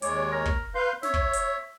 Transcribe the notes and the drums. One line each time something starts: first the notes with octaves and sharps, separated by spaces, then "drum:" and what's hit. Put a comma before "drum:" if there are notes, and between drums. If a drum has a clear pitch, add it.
D#2 G#3 C#5 D5, drum: hi-hat
A#4
drum: kick
B4 F5 C6 G6
C#5 E5, drum: snare
drum: kick
drum: hi-hat